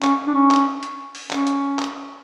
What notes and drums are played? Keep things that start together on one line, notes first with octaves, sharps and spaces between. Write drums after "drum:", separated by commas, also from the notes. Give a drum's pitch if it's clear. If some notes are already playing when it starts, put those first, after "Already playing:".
C#4, drum: clap
D4
C#4
drum: clap
drum: hi-hat
drum: open hi-hat
C#4, drum: clap
drum: hi-hat
drum: clap